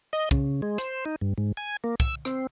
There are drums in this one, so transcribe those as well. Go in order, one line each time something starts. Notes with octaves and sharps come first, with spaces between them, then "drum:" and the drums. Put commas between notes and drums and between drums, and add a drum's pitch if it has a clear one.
D#5
C#3, drum: kick
G#3
C5, drum: hi-hat
D#4
G2
G#2
G#5
A#3
E6, drum: kick
C4, drum: rim click